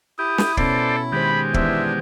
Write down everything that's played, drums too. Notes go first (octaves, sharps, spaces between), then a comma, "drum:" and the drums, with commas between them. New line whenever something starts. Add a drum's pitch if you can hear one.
E4 G4 D#6
drum: snare
B2 B3 C#4 A4 C5 D5, drum: kick
D#3 G#3 G4 C5 B5
E3 B3 D4 C5 E5, drum: kick